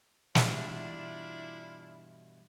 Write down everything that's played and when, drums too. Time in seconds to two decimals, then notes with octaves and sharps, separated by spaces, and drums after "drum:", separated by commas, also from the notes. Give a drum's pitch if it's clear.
0.35 G2 B2 E3 D4 E4 F4, drum: snare